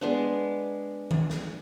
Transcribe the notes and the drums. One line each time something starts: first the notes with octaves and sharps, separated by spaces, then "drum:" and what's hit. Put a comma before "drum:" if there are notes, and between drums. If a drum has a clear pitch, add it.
G#3 B3 D4
drum: tom D#3
drum: snare